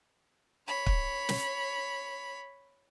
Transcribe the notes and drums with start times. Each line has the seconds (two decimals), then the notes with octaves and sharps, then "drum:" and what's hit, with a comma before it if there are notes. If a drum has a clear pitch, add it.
0.67 C#5 B5
0.86 drum: kick
1.29 drum: snare